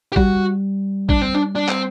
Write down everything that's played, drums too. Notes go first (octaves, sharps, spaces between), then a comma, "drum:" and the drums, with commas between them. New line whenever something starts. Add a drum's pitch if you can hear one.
G4
G3 F#4, drum: kick
D4, drum: kick
C4
D4
D4
C4, drum: clap